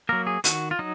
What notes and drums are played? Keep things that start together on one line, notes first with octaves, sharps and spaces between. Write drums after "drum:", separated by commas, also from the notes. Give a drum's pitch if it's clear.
F#3 A#3 A#4
G#4
D#3 F#4, drum: hi-hat
F4
F#3 D#4